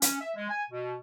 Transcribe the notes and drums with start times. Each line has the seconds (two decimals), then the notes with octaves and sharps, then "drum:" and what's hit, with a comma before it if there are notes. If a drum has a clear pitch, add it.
0.02 C#4, drum: hi-hat
0.21 E5
0.36 G#3
0.49 G#5
0.71 B2